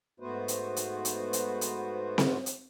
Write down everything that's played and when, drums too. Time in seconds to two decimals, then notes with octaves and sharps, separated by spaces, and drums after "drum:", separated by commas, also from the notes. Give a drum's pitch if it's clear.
0.20 G#2 A3 B3 F#4 B4 C5
0.48 drum: hi-hat
0.76 drum: hi-hat
1.05 drum: hi-hat
1.33 drum: hi-hat
1.61 drum: hi-hat
2.18 drum: snare C4
2.46 drum: hi-hat